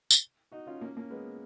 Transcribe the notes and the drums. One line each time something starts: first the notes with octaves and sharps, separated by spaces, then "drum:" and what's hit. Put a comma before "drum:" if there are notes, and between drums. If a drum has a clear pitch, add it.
drum: tambourine
D#4 F#4
C#4 F4
A#3 C#4
A#3 C#4
G#3 B3